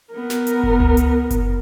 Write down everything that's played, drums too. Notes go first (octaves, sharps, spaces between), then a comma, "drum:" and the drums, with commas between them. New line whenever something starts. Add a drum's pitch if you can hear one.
B3 A#4
drum: snare
drum: hi-hat
drum: kick F#1
drum: tom C#2
drum: hi-hat
drum: kick F#1, hi-hat